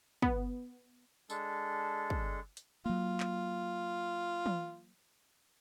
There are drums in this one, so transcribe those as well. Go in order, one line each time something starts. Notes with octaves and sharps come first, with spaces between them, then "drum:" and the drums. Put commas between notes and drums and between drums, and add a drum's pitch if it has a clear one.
B3, drum: kick
G#3 D4 A4, drum: tambourine
drum: kick
drum: hi-hat
F#3 A#3 F4
drum: clap
drum: tom E3